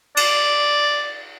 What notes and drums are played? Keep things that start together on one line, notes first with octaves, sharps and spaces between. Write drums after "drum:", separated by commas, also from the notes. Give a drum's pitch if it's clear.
D5, drum: cymbal